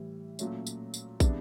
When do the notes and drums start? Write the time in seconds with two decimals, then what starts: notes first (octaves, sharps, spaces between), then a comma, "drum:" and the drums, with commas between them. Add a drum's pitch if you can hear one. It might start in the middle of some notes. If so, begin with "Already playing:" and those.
Already playing: A2 E3 G3
0.39 A#2 F#3 A3 C#4, drum: tambourine
0.67 drum: tambourine
0.94 drum: tambourine
1.20 C3 E3 G#3 B3 D4, drum: kick, tambourine